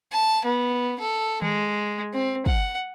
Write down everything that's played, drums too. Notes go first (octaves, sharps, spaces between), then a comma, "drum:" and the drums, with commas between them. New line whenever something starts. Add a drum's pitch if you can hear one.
A5
B3
A4
G#3, drum: tom D#3
C4
F#5, drum: kick